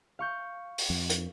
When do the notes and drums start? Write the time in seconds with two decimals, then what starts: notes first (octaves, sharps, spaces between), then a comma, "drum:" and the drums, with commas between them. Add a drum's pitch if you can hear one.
0.19 F5 C#6 G6
0.78 drum: open hi-hat
0.90 F2
1.10 drum: hi-hat